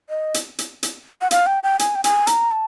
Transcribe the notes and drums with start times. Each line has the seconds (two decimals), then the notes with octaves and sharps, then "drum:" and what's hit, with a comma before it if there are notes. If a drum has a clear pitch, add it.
0.10 D#5
0.34 drum: hi-hat
0.59 drum: hi-hat
0.83 drum: hi-hat
1.22 F#5
1.31 F5, drum: hi-hat
1.46 G5
1.63 G5
1.79 G#5, drum: hi-hat
1.95 G5
2.04 G#5, drum: hi-hat
2.27 A#5, drum: hi-hat
2.51 A5